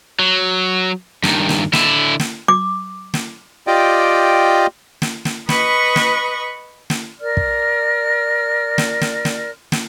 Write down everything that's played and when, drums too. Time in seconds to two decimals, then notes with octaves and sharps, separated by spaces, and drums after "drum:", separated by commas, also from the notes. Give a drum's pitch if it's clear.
0.19 F#3
1.24 G2 D#3, drum: snare
1.49 drum: snare
1.73 D3 E4, drum: snare
2.20 drum: snare
2.48 D6
3.14 drum: snare
3.67 F4 G4 D5 D#5 G5
5.02 drum: snare
5.25 drum: snare
5.49 B4 D#5 B5 C#6, drum: snare
5.96 drum: snare
6.90 drum: snare
7.20 A#4 D5 F6
7.37 drum: kick
8.78 drum: snare
9.01 drum: snare
9.25 drum: snare
9.72 drum: snare